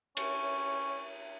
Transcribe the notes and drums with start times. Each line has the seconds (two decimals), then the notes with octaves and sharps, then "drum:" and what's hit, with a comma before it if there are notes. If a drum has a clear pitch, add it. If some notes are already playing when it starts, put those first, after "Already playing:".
0.17 C#4, drum: cymbal